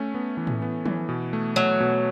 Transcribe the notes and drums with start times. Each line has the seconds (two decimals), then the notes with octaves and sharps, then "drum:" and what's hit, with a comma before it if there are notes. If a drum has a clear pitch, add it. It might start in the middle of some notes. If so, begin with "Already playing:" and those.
Already playing: A3 C#4
0.15 B3
0.37 E3
0.47 drum: tom A2
0.62 B3
0.86 E3, drum: tom F3
1.09 B2
1.33 A3
1.56 F#3 A3
1.80 B2